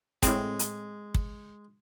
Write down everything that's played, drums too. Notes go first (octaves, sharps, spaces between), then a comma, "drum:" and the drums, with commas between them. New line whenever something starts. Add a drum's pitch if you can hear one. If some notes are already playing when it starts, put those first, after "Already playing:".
A2 G#3 C4, drum: kick, hi-hat
drum: hi-hat
drum: kick